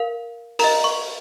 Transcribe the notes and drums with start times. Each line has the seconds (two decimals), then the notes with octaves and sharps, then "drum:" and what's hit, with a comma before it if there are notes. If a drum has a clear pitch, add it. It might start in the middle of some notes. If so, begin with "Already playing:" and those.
Already playing: A#4 F5
0.59 A#4 D#5 A#5, drum: open hi-hat
0.84 C#6